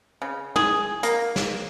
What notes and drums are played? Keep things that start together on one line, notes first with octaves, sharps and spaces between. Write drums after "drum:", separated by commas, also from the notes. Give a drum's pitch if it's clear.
C#3
G#4, drum: tom
A#3, drum: hi-hat
drum: snare